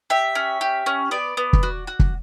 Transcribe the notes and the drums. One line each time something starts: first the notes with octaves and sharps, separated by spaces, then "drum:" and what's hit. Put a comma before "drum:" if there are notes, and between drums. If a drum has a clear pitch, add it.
G4 E5
C#4
G4
C#4
B3 D5
B3
drum: kick
F#4
F#4
drum: kick